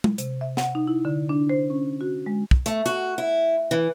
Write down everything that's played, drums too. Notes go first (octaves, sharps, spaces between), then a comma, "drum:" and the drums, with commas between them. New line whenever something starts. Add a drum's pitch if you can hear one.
drum: tom G#3
C3, drum: hi-hat
E5
F#5, drum: snare
D#4
E4
D3
D4
C5
C#4
F#4
G#3
drum: kick
A3, drum: hi-hat
F#4, drum: hi-hat
E4
E3